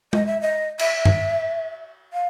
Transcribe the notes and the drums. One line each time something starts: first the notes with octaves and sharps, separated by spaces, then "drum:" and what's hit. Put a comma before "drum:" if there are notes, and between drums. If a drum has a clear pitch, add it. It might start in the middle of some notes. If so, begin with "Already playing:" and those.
D#5, drum: tom G#3
E5
D#5
E5, drum: cymbal
drum: tom G2
F5